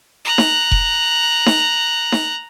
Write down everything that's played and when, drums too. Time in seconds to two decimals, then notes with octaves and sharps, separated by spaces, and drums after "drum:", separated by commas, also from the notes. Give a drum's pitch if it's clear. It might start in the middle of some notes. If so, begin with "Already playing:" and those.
0.25 A#5 F#6
0.38 drum: snare D#4
0.71 drum: kick F1
1.46 drum: snare D#4
2.12 drum: snare D#4